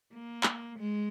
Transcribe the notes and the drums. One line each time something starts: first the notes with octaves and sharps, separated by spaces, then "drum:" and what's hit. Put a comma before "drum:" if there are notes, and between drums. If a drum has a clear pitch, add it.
A#3
drum: clap
G#3